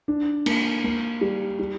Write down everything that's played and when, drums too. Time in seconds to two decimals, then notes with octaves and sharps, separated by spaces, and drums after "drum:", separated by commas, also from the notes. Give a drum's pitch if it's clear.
0.08 D4
0.46 A#3, drum: cymbal
0.84 A#3
1.21 G3
1.59 G3